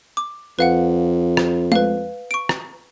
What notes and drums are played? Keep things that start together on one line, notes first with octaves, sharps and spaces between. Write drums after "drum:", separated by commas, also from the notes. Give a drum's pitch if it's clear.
D6
F2 B4 F5 F#5
drum: rim click
B4 F5, drum: tom G#3
C#6 D7
drum: rim click